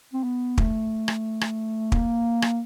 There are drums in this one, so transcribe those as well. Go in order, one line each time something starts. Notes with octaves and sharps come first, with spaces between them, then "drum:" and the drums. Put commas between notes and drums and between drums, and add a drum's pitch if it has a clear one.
C4
B3
A3, drum: kick
drum: rim click
drum: rim click
A#3, drum: kick
drum: rim click